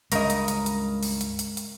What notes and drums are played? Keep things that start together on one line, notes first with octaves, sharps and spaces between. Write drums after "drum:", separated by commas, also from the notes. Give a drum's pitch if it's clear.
C#2 G2 C#3 G#3 A#4 C#5 D#5, drum: hi-hat
drum: hi-hat
drum: hi-hat
drum: hi-hat
drum: open hi-hat
drum: hi-hat
drum: hi-hat
drum: hi-hat